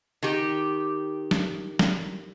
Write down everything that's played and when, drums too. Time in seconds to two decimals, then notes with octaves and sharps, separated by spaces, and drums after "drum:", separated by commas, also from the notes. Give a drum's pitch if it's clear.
0.23 D#3 G4
1.31 drum: snare
1.79 drum: snare